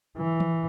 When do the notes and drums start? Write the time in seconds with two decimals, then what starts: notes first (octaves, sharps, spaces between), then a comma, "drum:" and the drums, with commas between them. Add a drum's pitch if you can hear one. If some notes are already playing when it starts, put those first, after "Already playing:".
0.17 E3
0.40 drum: tom E3